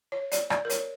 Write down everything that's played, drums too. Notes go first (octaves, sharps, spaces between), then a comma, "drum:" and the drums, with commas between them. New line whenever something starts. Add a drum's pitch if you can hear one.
C#5
D5, drum: hi-hat
D5, drum: rim click
A#4
C#5, drum: hi-hat